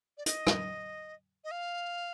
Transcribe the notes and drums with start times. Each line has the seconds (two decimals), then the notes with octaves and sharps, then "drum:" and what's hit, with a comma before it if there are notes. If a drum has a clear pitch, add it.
0.18 D5
0.26 D#5, drum: hi-hat
0.47 drum: rim click
1.44 D#5
1.51 F5